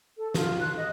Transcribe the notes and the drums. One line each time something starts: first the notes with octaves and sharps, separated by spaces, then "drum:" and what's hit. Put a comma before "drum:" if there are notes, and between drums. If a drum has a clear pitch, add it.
A4
F4, drum: snare
F#6
D#5